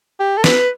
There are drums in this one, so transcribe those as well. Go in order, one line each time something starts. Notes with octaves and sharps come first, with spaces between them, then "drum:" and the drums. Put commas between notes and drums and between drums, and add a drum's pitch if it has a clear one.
G4
A4
B4, drum: snare